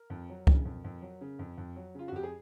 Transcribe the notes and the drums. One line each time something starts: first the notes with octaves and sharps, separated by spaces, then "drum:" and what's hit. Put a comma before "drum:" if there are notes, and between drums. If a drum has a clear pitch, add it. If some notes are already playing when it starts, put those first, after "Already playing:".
Already playing: A#4
F2
F#3
C#3, drum: kick
F2
F2
F#3
C#3
F2
F2
F#3
C#3 F4
F#4
F2 G4
G#4